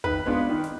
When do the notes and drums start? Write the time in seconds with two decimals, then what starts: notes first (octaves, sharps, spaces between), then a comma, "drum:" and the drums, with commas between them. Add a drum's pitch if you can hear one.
0.04 D#3 B4, drum: kick
0.26 G#3 B3 D4 F4
0.49 D#3
0.64 drum: snare